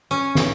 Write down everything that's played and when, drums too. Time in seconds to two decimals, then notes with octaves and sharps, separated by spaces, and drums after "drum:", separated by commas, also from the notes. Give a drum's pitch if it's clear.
0.11 C#4
0.35 drum: snare